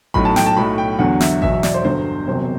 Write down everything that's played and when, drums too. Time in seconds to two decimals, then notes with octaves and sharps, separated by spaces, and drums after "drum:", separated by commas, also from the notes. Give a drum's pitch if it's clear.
0.14 B1 A2 F#3 B5, drum: kick A1
0.25 A5
0.36 G5, drum: snare
0.46 A5
0.57 B1 A2 F#3 B5
0.78 G5
0.99 E2 D3 F#3 F#5
1.21 E5, drum: snare
1.42 E2 B2 F#3 E5, drum: kick A1
1.52 E5
1.63 D5, drum: snare
1.74 C5
1.84 G1 G2 D3 F#3 C5
2.27 E1 E2 C3 F#3 C5